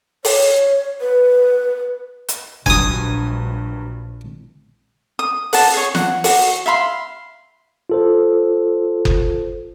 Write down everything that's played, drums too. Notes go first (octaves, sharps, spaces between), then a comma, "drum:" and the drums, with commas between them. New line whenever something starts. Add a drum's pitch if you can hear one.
C#5, drum: open hi-hat
B4
drum: hi-hat
A#1 G2 F#3 G#5 D#6, drum: kick F#1
D#6
F#5 A5, drum: open hi-hat
G#4 C#5
F#5, drum: snare
F#4, drum: open hi-hat
E5 F5 B5 C6
F4 A4 C5
drum: kick F#1